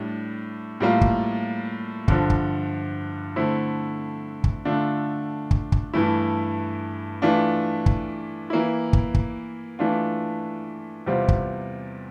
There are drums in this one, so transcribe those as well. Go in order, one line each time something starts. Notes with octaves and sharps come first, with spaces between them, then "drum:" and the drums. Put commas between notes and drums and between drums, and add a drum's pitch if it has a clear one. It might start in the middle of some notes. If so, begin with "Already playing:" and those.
Already playing: A2 G3 D4
A2 G3 A#3 F4
drum: kick
G2 D3 F3, drum: kick
drum: kick
D3 A3 C4 E4
drum: kick
D3 A3 D4 F4
drum: kick
drum: kick
G2 E3 A3 E4
E3 A3 D4 F4
drum: kick
E3 A#3 E4
drum: kick
drum: kick
E3 A3 D4 F4
E2 C3 G3 C4 F4
drum: kick